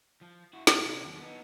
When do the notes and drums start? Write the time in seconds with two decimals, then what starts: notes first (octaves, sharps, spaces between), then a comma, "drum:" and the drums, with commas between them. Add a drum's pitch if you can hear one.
0.21 F3
0.53 E4 F#4
0.67 A#2 A3, drum: snare
0.85 C3 D4
1.04 D#2 F#3
1.19 B3 D#4